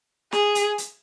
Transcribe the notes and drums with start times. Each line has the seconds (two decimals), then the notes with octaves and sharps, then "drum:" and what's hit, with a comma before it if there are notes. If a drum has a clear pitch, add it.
0.32 G#4, drum: snare
0.55 drum: hi-hat
0.78 drum: hi-hat